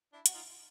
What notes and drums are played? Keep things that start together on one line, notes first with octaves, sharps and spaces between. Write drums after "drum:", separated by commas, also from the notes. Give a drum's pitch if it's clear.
D4 E4
F#4, drum: hi-hat
D#4 F4